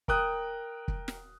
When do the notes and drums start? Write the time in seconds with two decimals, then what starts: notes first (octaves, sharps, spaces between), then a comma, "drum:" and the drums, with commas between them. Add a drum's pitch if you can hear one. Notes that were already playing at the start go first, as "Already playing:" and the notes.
0.08 A#4 G5 D#6 F#6, drum: kick
0.88 drum: kick
1.08 drum: snare